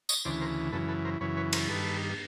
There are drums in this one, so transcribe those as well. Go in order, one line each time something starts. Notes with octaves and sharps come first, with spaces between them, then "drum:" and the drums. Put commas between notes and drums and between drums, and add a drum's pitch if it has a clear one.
C#5 D#5, drum: tambourine
D2 C#3 E3 C5 D5
A#4 C5
F#2 C#3 E3 A4 B4
A4 B4
A#4 C5
F#2 C#3 E3 B4 C#5
B4 C#5
A#4 C5, drum: cymbal
G2 D#3 A4 B4